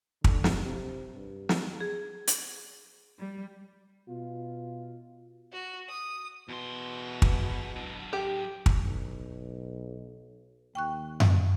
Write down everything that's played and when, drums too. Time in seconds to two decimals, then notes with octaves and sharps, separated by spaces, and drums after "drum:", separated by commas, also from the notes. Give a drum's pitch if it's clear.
0.24 D3, drum: kick
0.44 drum: snare
0.63 C3
1.13 G2
1.49 drum: snare
1.80 G#4
2.27 drum: hi-hat
3.18 G3
4.08 B2 F4
5.52 F#4
5.89 D#6
6.49 E2 B2 C6
7.22 drum: kick
7.76 F#3 D4
8.13 G4
8.66 drum: kick
8.84 B1
10.75 D#2 G5 C#6 F#6
11.20 drum: tom F#2